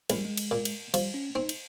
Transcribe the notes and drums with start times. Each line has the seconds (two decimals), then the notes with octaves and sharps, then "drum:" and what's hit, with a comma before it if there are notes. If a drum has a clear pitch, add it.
0.10 A#1 G#3, drum: cymbal
0.17 G3
0.25 G#3
0.37 drum: cymbal
0.51 A#2
0.65 drum: cymbal
0.94 F3 G3, drum: cymbal
1.14 C#4
1.35 C4 D#4
1.49 drum: cymbal